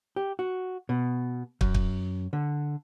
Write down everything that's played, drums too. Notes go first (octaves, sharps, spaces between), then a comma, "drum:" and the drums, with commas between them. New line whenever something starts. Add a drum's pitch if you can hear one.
G4
F#4
B2
F#2, drum: kick
drum: kick
D3